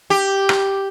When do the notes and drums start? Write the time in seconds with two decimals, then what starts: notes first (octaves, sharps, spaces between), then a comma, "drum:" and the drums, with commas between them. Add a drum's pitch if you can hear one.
0.10 G4
0.49 drum: rim click